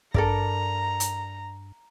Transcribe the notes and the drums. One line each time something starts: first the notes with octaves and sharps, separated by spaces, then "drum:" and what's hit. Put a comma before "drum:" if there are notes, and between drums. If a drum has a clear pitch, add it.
G2 A4 A#4 D5 A#5, drum: kick
drum: hi-hat